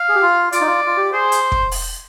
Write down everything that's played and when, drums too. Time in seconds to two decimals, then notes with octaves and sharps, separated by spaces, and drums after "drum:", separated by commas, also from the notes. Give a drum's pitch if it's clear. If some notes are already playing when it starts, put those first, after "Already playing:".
Already playing: F5
0.09 G#4
0.15 G4
0.22 F4
0.52 F4 D5, drum: hi-hat
0.61 D#4
0.67 F4
0.86 F4
0.97 G4
1.12 G#4 C5
1.32 drum: hi-hat
1.52 drum: kick
1.72 drum: open hi-hat